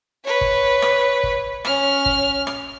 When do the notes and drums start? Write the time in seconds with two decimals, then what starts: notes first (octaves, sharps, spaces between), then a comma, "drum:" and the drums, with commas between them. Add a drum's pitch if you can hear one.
0.24 B4 C#5
0.41 drum: kick
0.82 drum: rim click
1.23 drum: kick
1.65 C#4 F6, drum: rim click
2.06 drum: kick
2.47 drum: rim click